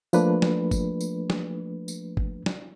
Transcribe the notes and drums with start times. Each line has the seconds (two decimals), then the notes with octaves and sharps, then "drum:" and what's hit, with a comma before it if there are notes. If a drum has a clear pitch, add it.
0.13 F3 A3 A#3 D4 B4, drum: tambourine
0.42 drum: snare
0.71 drum: kick G1, tambourine
1.01 drum: tambourine
1.30 drum: snare
1.88 drum: tambourine
2.17 drum: kick G1
2.46 drum: snare